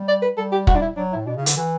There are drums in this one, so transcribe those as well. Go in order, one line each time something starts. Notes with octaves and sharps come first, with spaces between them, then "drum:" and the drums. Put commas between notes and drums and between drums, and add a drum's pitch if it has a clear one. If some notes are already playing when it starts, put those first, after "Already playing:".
Already playing: G3
D5
B4
G3 A4
G4
F#4, drum: kick
D4
E4
F#3 D4
E4
A2
B2 D4
C#3
E4
D3, drum: hi-hat
E3 F#4